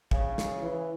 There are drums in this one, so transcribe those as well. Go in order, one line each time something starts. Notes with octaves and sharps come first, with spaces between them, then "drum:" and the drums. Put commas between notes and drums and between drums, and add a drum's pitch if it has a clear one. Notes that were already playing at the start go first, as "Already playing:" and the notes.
C#3, drum: kick
drum: snare
E3